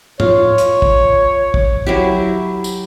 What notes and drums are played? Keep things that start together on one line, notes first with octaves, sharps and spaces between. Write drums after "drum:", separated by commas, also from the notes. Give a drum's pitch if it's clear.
F4 C#5, drum: tom
drum: hi-hat
drum: kick
drum: kick
F#3 E4 G4
drum: tambourine